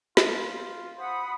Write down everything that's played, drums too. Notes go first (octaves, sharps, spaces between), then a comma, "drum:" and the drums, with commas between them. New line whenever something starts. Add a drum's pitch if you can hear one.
F4, drum: snare
C5 F#5 B5 D#6